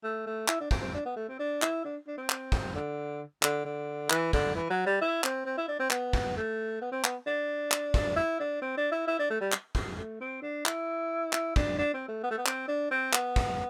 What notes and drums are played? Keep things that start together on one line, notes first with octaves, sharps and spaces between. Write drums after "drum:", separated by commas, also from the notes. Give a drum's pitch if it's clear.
A3
A3
E4, drum: clap
D4
C4, drum: kick
C4
D4
B3
A3
C4
D4
E4, drum: clap
D4
D4
C4
drum: clap
drum: kick
D3
D3, drum: clap
D3
E3, drum: clap
D3, drum: kick
E3
F#3
G3
E4
C4, drum: clap
C4
E4
D4
C4
B3, drum: clap
drum: kick
A3
B3
C4
B3, drum: clap
D4
drum: clap
drum: kick
E4
D4
C4
D4
E4
E4
D4
A3
G3
drum: clap
drum: kick
A3
C4
D4
E4, drum: clap
E4, drum: clap
D4, drum: kick
D4
C4
A3
B3
A3
B3
C4, drum: clap
D4
C4
B3, drum: clap
drum: kick